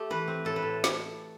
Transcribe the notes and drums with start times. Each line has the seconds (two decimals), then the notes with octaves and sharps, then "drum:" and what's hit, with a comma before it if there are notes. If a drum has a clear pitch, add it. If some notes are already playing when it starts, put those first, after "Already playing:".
Already playing: A3 G4
0.10 E3 B4
0.28 C4
0.45 A2 A4
0.56 B4
0.62 A2
0.84 drum: snare